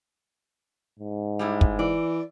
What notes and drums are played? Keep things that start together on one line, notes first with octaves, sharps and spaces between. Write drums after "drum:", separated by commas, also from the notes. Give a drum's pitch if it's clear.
G#2
G3 G#3 E4
drum: kick
E3 D5